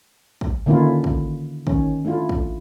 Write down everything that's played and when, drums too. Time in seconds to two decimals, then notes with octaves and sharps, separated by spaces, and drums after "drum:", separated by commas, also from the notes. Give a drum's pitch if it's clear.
0.41 drum: kick
0.66 D3 D#3 A#3 C#4 E4 F4
1.04 drum: kick
1.67 D#3 C#4, drum: kick
2.05 A3 D4 E4 F4
2.29 drum: kick